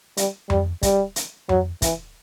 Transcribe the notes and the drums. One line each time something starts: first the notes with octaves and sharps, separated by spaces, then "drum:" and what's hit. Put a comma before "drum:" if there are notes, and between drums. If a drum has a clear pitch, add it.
G3, drum: hi-hat
G3, drum: tom F2
G3, drum: kick, hi-hat
drum: hi-hat
F#3, drum: tom F2
E3, drum: kick, hi-hat